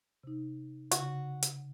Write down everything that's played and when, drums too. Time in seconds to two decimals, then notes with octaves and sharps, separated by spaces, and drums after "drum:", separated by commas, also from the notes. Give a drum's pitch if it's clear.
0.23 C3 D#4
0.91 C#3 F#4, drum: hi-hat
1.42 drum: hi-hat